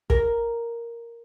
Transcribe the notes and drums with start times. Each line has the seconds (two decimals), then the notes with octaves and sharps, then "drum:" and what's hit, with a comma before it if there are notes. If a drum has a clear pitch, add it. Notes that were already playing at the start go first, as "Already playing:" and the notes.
0.10 A#4, drum: kick